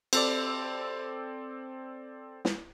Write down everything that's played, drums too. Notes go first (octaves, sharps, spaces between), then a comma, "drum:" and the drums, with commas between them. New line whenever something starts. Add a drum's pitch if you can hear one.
C4 A4 D5, drum: cymbal
drum: snare